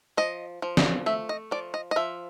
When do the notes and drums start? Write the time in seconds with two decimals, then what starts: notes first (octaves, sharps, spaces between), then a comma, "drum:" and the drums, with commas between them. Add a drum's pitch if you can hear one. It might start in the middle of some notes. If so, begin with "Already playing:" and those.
0.17 F3 D#5
0.62 F3
0.77 drum: snare
1.06 A3 E5
1.29 D#5
1.51 F3 D5
1.74 D#5
1.91 D#5
1.96 F3 E5